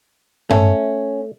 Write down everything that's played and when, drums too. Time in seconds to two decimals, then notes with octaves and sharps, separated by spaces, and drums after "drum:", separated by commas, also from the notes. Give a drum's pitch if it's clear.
0.51 A3 C#4, drum: tom G2